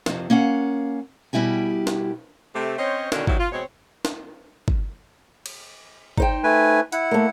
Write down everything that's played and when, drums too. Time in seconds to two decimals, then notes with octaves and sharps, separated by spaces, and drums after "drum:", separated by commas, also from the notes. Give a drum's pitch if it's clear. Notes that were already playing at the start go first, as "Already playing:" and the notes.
0.06 F2 C3, drum: snare
0.30 A#3 C#4 F5 F#5
1.33 B2 G3 E4 G4 G#5
1.87 drum: snare
2.55 C3 A3
2.78 C4 C#4 C5 C#5 D#5
3.12 B2 D3 D#3 C#4 D4, drum: snare
3.27 D#3 E3 F#3 G3 E4, drum: kick
3.39 F4
3.52 B2 G#3 C4 C#5
4.05 drum: snare
4.68 drum: kick
5.46 drum: cymbal
6.18 D#4 C5 G5, drum: kick
6.44 A3 B4 G#5
6.92 E4 F#5, drum: hi-hat
7.11 A3 A#3